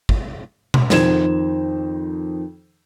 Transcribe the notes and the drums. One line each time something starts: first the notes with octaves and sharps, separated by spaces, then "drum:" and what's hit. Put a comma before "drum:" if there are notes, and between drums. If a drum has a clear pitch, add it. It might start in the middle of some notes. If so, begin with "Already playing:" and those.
drum: kick
drum: tom B2
F2 D#3 D#4 C5 G#6 E7, drum: snare